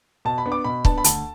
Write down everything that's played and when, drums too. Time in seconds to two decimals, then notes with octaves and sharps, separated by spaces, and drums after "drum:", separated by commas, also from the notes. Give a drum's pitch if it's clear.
0.25 B2 A5
0.38 B5
0.46 B3 D4
0.52 D6
0.64 B2 B5
0.85 B3 D4 A5, drum: kick
0.98 B5
1.04 D2 A5, drum: hi-hat